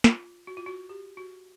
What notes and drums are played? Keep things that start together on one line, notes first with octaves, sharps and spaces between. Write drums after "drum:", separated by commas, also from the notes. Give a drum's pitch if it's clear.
F4, drum: snare
F#4
F4
F#4
G4
F#4